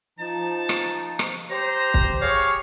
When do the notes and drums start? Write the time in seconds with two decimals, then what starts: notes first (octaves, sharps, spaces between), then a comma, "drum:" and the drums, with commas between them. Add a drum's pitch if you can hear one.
0.19 F3 D#4 A5
0.69 drum: rim click
1.19 drum: rim click
1.51 G4 C5 A#5
1.94 drum: kick
2.22 G#4 C#5 F5